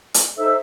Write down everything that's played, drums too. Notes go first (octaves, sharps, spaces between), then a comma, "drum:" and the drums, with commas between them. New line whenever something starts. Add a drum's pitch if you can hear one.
drum: hi-hat
D#4 A4 C5 E5 E6